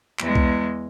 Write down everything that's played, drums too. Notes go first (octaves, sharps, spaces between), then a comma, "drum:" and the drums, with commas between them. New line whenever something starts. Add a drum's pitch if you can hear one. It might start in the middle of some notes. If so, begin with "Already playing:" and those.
E2 G#3, drum: clap
drum: kick C2